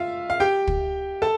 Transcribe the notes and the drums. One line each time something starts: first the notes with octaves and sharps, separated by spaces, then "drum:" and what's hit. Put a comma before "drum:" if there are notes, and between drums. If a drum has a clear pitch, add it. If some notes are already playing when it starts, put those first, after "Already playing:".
Already playing: F4 E5 F5
F5
G4 G5
drum: kick
A4 A5